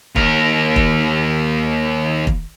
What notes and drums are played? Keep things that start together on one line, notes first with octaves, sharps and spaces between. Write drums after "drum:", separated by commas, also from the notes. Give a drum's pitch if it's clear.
D#2 A#4, drum: kick
drum: kick
drum: kick